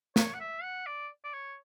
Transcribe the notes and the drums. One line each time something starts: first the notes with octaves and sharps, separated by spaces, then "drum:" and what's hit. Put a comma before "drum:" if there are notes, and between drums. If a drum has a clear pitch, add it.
C#5, drum: snare
F#5
E5
F#5
D5
D5
C#5